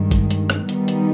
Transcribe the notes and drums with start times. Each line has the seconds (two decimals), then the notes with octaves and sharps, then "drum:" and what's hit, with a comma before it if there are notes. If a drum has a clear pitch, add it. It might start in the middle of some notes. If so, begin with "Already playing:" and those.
Already playing: G2 D#3 G#3
0.11 drum: kick, hi-hat
0.30 drum: hi-hat
0.50 drum: rim click
0.69 D#3 G3 B3 D#4, drum: hi-hat
0.88 drum: hi-hat